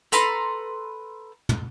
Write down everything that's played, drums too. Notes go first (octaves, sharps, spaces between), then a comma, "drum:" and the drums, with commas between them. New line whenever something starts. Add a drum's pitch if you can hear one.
A4 B4 A#5 C6, drum: hi-hat
drum: tom